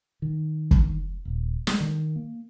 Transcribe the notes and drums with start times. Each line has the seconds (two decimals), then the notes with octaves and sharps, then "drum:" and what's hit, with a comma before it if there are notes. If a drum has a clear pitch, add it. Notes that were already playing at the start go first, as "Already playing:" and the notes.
0.22 D#3
0.71 drum: kick
1.25 D#1
1.67 G#3, drum: snare
1.80 D#3
2.16 A#3